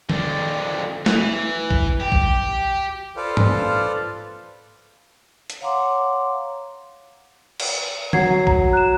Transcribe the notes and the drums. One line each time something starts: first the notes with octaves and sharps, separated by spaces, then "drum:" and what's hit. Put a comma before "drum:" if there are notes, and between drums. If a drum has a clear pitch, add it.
F2 D3, drum: tom
E3, drum: snare
drum: kick
G4
drum: kick
F4 A4 B4 C5 D5 F5
drum: tom G#2
drum: hi-hat
C#5 F5 F#5 A#5 C6 D6
drum: cymbal
F#3 G#6 C7, drum: tom
A#5, drum: kick
F#6 E7